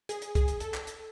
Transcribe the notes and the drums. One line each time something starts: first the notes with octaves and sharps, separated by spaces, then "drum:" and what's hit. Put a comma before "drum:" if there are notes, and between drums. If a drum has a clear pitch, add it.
G#4, drum: hi-hat
drum: hi-hat
G#4, drum: kick, hi-hat
drum: hi-hat
A4, drum: hi-hat
drum: clap
drum: hi-hat